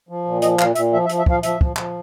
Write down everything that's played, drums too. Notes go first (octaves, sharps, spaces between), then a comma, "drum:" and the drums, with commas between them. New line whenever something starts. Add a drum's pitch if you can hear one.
F3
A#2
F3 D#5, drum: hi-hat
A#2 F5, drum: clap
A#2 E5, drum: hi-hat
F3 E5
E5
F3, drum: hi-hat
E5
F3 F5, drum: kick
F3 E5, drum: hi-hat
F3, drum: kick
F3, drum: clap